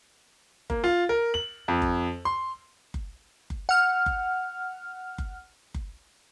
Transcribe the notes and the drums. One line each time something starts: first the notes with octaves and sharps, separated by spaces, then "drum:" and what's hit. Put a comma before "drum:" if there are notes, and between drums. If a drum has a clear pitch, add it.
A#3, drum: kick F#1
F4
A#4
F#7
F2
drum: kick F#1
C6
drum: kick F#1
drum: kick F#1
F#5 F6
drum: kick F#1
drum: kick F#1
drum: kick F#1